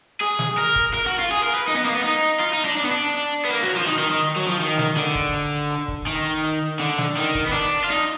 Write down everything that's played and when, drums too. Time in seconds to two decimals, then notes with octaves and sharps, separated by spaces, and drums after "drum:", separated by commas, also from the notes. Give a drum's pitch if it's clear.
0.21 G#4, drum: hi-hat
0.39 drum: snare
0.57 A#4, drum: hi-hat
0.75 drum: kick
0.94 A#4, drum: hi-hat
1.06 F#4
1.19 F4
1.30 G#4, drum: hi-hat
1.43 A#4
1.54 B4
1.68 D#4, drum: hi-hat
1.76 B3
1.85 A#3
1.95 B3
2.04 D#4, drum: hi-hat
2.40 F4, drum: hi-hat
2.53 D#4
2.65 D4
2.77 D4, drum: hi-hat
2.85 B3
2.91 D4
3.14 drum: hi-hat
3.45 B3
3.50 A#3, drum: hi-hat
3.63 F#3
3.75 F3
3.86 D#3, drum: hi-hat
3.98 D#3
4.11 D#3
4.36 F#3
4.47 F3
4.60 D#3
4.78 drum: snare
4.97 D3, drum: hi-hat
5.15 drum: kick
5.33 drum: hi-hat
5.70 drum: hi-hat
5.88 drum: kick
6.07 D#3, drum: hi-hat
6.43 drum: hi-hat
6.80 D3, drum: hi-hat
6.98 drum: snare
7.17 D#3, drum: hi-hat
7.35 drum: kick
7.46 B3
7.52 D4, drum: hi-hat
7.84 F4
7.90 D#4, drum: hi-hat